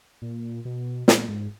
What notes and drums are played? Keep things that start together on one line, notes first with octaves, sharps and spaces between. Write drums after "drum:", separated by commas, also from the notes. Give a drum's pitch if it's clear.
A#2
B2
A#2, drum: snare
G#2